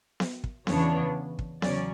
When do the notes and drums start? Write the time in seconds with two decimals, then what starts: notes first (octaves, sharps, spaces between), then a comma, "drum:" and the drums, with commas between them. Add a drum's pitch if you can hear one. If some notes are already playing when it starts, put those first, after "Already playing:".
0.20 drum: snare B3
0.44 drum: kick
0.67 E2 C#3 E3 B3 D4 C#5, drum: snare B3
1.39 drum: kick
1.62 E2 C#3 F#3 C#4 D5, drum: snare B3